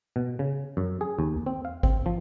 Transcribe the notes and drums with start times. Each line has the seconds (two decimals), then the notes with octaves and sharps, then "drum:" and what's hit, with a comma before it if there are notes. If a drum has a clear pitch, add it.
0.16 B2
0.39 C#3
0.77 F#2
1.01 G#4
1.19 D#2
1.36 drum: tom E2
1.46 C4
1.65 F5
1.83 C4, drum: kick G#1
2.06 F3